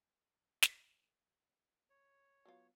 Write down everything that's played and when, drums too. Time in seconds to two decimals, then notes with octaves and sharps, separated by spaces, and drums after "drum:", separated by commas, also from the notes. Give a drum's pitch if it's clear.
0.62 drum: snare
1.90 C#5
2.45 F#3 B3 F4